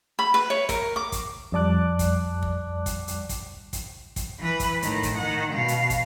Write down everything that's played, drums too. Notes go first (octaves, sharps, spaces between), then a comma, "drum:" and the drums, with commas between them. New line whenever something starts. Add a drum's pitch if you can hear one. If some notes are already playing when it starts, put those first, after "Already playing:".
B5
B4
C#5
A#4, drum: kick, hi-hat
D6
drum: kick, hi-hat
F2 G3 D5 A5 D6 F#6
drum: kick, hi-hat
drum: kick
drum: kick, hi-hat
drum: hi-hat
drum: kick, hi-hat
drum: kick, hi-hat
drum: kick, hi-hat
E3 B4
drum: kick, hi-hat
A2 D#3, drum: hi-hat
drum: kick, hi-hat
D#3 F#5
B2 F5
drum: hi-hat
drum: kick, hi-hat